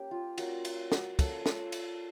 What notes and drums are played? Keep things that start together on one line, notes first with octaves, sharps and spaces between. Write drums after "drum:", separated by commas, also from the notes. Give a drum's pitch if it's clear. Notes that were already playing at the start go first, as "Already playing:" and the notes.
Already playing: A#3 C#4 G4
F4
A#3 C#4 F4 F#4, drum: cymbal
drum: cymbal
F#4, drum: snare
A#3 C#4 F4 A4, drum: kick, cymbal
A4, drum: snare
drum: cymbal